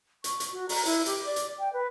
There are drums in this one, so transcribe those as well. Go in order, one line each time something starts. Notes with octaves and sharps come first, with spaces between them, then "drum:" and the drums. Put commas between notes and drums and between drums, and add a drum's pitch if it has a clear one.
C#6, drum: hi-hat
drum: hi-hat
F#4
A#5, drum: open hi-hat
E4, drum: hi-hat
G4, drum: hi-hat
D5
drum: hi-hat
G5
B4